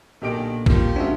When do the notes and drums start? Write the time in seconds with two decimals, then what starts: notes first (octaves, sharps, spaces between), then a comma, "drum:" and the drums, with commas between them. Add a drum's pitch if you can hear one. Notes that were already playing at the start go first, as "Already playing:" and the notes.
0.22 B1 A#2 D3 D#3 G4 D7
0.66 F2 D#3 F3 F4 G4, drum: kick
0.96 C#3 G#3 C4 D4 F#4 E5